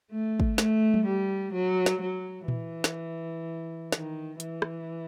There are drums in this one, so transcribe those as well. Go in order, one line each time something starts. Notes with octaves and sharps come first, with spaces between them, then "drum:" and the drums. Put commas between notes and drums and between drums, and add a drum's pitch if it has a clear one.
A3
drum: kick
A3, drum: snare
drum: tom F#3
G3
F#3
drum: snare
F#3
E3, drum: tom A#2
drum: snare
D#3, drum: snare
E3, drum: hi-hat
drum: rim click